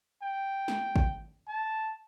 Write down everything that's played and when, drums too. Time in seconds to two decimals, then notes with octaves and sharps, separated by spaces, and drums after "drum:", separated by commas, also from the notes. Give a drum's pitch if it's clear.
0.22 G5
0.68 drum: snare
0.96 drum: kick G#1
1.48 A5